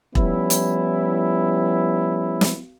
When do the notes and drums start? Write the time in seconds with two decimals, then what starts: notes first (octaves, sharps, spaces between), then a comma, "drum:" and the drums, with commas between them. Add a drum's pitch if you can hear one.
0.15 F3 G3 B3 C#4 E4, drum: kick E1
0.50 drum: hi-hat
2.41 drum: snare